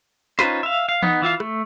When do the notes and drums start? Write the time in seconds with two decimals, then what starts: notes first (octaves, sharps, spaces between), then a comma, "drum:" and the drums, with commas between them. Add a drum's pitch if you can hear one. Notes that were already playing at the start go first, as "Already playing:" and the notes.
0.39 C#4 D#4 F4 B4 C5, drum: snare
0.63 E5 F5
0.89 F5
1.03 B3 D#4, drum: tom E3
1.22 E3 F4 E5 F5
1.40 A3, drum: rim click